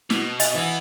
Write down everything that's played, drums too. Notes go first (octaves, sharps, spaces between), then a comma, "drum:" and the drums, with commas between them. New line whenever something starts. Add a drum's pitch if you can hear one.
B2, drum: snare
D#5 G#5, drum: hi-hat
E3 B3 E4